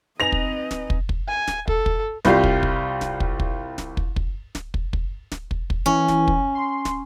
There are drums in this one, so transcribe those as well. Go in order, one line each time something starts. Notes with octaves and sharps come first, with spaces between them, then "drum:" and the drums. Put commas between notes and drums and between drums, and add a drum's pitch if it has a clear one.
C4 D#4 B4 D#5 G#5 A#6 F7
drum: kick
drum: snare
drum: kick
drum: kick
G#5
drum: snare
A4, drum: kick
drum: kick
C2 G3 F4 G4 F5, drum: snare
drum: kick
drum: kick
drum: snare
drum: kick
drum: kick
drum: snare
drum: kick
drum: kick
drum: snare
drum: kick
drum: kick
drum: snare
drum: kick
drum: kick
E3 C#4
drum: snare
drum: kick
C6
drum: snare